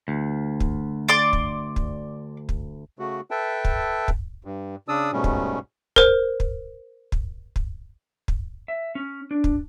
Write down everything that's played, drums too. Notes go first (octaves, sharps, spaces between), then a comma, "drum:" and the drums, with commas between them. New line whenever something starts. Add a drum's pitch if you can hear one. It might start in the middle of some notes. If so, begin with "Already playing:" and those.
D2
drum: kick
D5 C6 D6
drum: kick
drum: kick
drum: kick
C#3 A3 F#4
A4 B4 E5 G5 A5
drum: kick
drum: kick
G2
C#3 D4 D5 D#6 E6
G#2 B2 G3 A3 C#4
drum: kick
A#4 C5, drum: kick
drum: kick
drum: kick
drum: kick
drum: kick
E5
C#4
D4
drum: kick